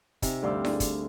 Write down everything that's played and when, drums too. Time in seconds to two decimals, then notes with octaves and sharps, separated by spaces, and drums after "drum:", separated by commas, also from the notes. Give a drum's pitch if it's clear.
0.22 C3 D#4 E5 G#5, drum: kick, hi-hat
0.42 D2 G2 F5 G5 D6 E6
0.65 D4 G#4 C6, drum: snare E4
0.80 drum: kick, hi-hat